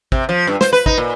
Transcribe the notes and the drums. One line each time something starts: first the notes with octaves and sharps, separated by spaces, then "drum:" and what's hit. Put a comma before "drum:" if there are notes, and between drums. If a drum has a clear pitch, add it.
C3, drum: kick
F3
G2
C5, drum: snare
B4
D#4, drum: kick
A#2